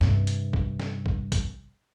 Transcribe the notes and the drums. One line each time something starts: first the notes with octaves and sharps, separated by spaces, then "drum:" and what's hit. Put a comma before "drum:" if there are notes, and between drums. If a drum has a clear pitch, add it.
G2 C3, drum: snare
drum: hi-hat
drum: kick
drum: snare
drum: kick
drum: kick, hi-hat